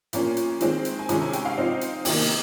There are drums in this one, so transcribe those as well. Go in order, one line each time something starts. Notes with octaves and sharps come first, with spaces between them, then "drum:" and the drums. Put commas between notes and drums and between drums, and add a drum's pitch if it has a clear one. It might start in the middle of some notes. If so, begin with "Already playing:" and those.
A#2 F3 A#3 C#4, drum: hi-hat
drum: hi-hat
D#3 G#3 C4, drum: hi-hat
drum: hi-hat
G#5
C3 D#3 G#3 C#4 A#5, drum: hi-hat
G#5
G5, drum: hi-hat
F5
F3 C4 D#4
drum: hi-hat
C3 D#3 A#3 D#4 G5, drum: open hi-hat